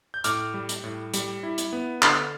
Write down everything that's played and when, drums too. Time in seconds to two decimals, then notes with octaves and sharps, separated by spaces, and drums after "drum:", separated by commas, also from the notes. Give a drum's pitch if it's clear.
0.14 G6
0.24 A2 D6 F6, drum: hi-hat
0.54 G3
0.69 drum: hi-hat
0.84 A2
1.14 G3, drum: hi-hat
1.43 E4
1.58 drum: hi-hat
1.73 B3
2.02 D3 F6 A6, drum: clap